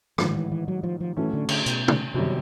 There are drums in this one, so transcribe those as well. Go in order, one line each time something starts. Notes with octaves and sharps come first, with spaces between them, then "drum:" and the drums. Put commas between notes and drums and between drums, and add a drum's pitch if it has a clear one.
A1 G#2 D#3 F3, drum: rim click
E3
E3
F#3
F3
F3
A2 E3 F#3 A3 C#4
D3
D3, drum: cymbal
B2, drum: hi-hat
drum: tom
G1 F#2 C3 D#3 G3